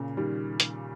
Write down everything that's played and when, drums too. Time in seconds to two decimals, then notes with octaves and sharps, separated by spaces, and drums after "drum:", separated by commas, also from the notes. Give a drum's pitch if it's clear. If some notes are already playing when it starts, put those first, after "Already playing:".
Already playing: A#2 C#3
0.17 D#3 G3
0.60 drum: hi-hat